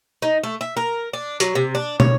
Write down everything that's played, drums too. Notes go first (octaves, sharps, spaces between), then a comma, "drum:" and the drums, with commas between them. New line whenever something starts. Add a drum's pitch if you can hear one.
D#4
A3
E5
A#4
D4
F#3, drum: hi-hat
C3
D4
C#5, drum: tom